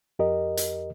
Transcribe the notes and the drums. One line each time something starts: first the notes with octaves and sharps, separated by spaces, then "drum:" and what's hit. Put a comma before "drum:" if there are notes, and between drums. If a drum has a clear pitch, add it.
F2 G4 A#4 D#5
drum: hi-hat